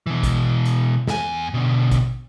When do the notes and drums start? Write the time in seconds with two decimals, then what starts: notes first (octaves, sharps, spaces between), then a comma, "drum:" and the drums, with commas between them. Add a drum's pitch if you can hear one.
0.07 B2 E3
0.23 drum: kick A1, hi-hat
0.65 drum: hi-hat
1.07 E2 G#5, drum: snare
1.54 B2 D3
1.91 drum: kick A1, hi-hat